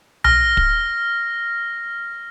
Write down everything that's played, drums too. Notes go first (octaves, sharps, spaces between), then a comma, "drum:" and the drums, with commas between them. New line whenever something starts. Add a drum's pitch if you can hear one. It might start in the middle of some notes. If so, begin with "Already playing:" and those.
F6 A#6, drum: tom B1
drum: kick